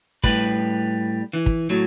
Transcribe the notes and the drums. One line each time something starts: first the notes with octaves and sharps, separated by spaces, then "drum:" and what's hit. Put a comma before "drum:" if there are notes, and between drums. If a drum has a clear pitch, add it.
A2 G3 B4, drum: kick
E3
drum: kick
A2 F#3